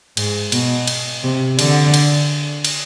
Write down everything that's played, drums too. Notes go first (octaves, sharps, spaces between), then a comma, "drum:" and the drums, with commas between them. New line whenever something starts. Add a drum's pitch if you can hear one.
G#2, drum: cymbal
B2, drum: cymbal
drum: cymbal
C3
D3, drum: cymbal
drum: cymbal
drum: cymbal